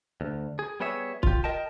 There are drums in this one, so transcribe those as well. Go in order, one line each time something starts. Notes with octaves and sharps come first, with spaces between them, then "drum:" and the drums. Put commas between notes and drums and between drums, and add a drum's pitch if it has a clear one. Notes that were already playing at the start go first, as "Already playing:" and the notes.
D2
G#4
G3 B3 G#4 C#5 E5
F4 G4, drum: kick
A#4 D#5 G5 A5